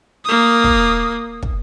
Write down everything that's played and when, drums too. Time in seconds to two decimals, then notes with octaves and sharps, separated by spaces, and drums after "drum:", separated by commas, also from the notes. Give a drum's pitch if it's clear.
0.25 A#3 D#6
0.64 drum: kick
1.42 drum: kick